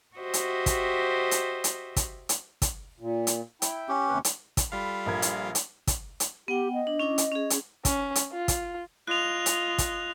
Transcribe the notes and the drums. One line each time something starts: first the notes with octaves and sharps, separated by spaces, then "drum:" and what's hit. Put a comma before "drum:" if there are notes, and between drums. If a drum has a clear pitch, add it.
F#4 G4 C5 D#5 E5
drum: hi-hat
drum: kick, hi-hat
drum: hi-hat
drum: hi-hat
drum: kick, hi-hat
drum: hi-hat
drum: kick, hi-hat
A#2
drum: hi-hat
E4 G5, drum: hi-hat
C#4 G4
D#2 C3 B4
drum: hi-hat
drum: kick, hi-hat
G3 F4 A4 F5 B5
A#1 A#4 G#6
drum: hi-hat
drum: hi-hat
drum: kick, hi-hat
drum: hi-hat
B3 G4 F#5 G5
D#5
D4
C#4 E4 D6
drum: hi-hat
C#4 G#4
drum: hi-hat
C#4, drum: kick, hi-hat
drum: hi-hat
F4
drum: kick, hi-hat
F4 D#5 F#6 F7
drum: hi-hat
drum: kick, hi-hat